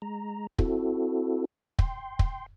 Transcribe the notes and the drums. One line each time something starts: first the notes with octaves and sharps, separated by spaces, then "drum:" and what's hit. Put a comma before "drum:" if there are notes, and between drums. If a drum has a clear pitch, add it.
G#3 A#5
C4 E4 F#4 A4, drum: kick
G5 C6, drum: kick
drum: kick